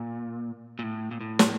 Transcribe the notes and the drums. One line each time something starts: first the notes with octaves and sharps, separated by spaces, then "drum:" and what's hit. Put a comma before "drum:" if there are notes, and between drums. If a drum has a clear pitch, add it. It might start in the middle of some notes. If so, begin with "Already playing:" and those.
Already playing: A#2
A#2
A2
A#2
A2
drum: snare